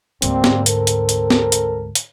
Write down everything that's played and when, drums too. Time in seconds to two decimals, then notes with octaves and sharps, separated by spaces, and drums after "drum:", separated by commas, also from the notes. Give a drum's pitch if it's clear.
0.22 D2 G#2 G3 A#3 C4, drum: hi-hat
0.44 drum: snare
0.66 C4 A4 A#4, drum: hi-hat
0.87 drum: hi-hat
1.09 drum: hi-hat
1.30 drum: snare
1.52 drum: hi-hat
1.95 drum: hi-hat